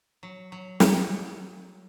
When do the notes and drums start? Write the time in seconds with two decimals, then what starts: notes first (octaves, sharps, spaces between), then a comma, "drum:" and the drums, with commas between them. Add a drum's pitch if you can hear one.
0.23 F#3
0.52 F#3
0.80 F#3, drum: snare